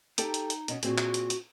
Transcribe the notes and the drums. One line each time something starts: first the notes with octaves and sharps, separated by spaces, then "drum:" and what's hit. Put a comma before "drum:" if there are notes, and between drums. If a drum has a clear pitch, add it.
D#4 G4 A4 G5, drum: hi-hat
drum: hi-hat
drum: hi-hat
B2 C#4, drum: hi-hat
A#2 C4 F#4 G#4, drum: hi-hat
drum: clap
drum: hi-hat
drum: hi-hat